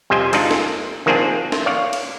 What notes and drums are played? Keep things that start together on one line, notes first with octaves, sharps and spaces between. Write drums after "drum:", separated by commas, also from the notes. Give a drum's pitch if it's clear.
F2 C3 G3 C5 D#5 G#5
G#3 D4 D#4 F4, drum: cymbal
drum: snare
D#3 F3 A#3 C4 D4 G#4
drum: snare
C#5 D5 F5
drum: cymbal